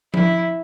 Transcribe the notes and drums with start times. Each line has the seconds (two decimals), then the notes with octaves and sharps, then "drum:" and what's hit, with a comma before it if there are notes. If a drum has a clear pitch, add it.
0.14 E4, drum: tom F3